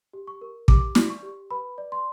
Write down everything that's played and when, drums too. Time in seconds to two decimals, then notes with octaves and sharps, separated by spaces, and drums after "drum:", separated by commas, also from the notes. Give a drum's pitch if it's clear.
0.13 G4
0.27 C#6
0.41 A#4
0.68 G4 D6, drum: kick
0.95 D5, drum: snare
1.10 C#6
1.23 G4
1.50 B4 B5
1.78 D5
1.92 C6